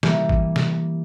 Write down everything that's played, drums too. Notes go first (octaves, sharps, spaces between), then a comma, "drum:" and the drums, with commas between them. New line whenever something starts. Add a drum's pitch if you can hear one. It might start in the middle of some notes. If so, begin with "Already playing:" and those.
E3 G3 A#3, drum: snare
drum: kick
drum: snare